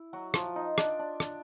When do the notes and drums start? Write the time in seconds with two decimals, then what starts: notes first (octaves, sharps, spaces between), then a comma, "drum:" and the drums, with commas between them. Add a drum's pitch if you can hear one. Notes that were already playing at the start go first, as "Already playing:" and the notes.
Already playing: E4
0.13 F#3 F#4
0.34 F3 F4, drum: rim click
0.56 D#4
0.78 D4, drum: rim click
0.99 D4
1.20 D4, drum: rim click